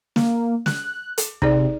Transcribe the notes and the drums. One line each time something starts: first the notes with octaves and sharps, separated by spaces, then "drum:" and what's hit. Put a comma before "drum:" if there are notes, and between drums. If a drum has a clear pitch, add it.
A#3, drum: snare
F#6, drum: snare
drum: hi-hat
C3 D#4 G#4 D5, drum: kick